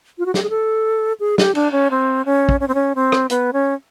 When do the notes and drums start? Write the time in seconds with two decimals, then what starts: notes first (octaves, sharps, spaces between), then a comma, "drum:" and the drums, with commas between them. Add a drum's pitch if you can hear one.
0.18 F4
0.26 F#4
0.34 G4, drum: snare
0.43 G#4
0.50 A4
1.20 G#4
1.38 G4, drum: snare
1.55 D4, drum: cymbal
1.72 C#4
1.91 C4
2.25 C#4
2.49 drum: kick
2.60 C#4
2.68 C4
2.74 C#4
2.95 C4
3.12 drum: rim click
3.30 B3, drum: hi-hat
3.53 C#4